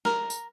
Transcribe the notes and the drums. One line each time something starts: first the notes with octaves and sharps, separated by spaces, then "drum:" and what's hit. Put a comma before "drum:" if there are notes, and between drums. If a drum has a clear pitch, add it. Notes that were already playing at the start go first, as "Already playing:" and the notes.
A#4, drum: snare
drum: tambourine